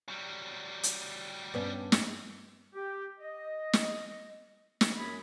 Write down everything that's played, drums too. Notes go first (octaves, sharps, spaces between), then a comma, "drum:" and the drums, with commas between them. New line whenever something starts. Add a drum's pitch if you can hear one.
F#3 G3
drum: hi-hat
G2 B3 C#4
drum: snare
G4
D#5
drum: snare
drum: snare
F#2 A#3 G#4 B5